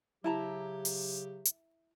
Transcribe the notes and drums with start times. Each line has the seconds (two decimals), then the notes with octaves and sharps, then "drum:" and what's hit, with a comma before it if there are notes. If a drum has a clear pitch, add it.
0.24 C#3 F#3 E4 G4 A5 A#5
0.85 drum: open hi-hat
1.45 drum: hi-hat